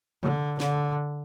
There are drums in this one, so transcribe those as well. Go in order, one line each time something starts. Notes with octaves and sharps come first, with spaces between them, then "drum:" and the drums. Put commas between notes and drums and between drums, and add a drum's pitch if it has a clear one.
D3, drum: tom C3
D3, drum: snare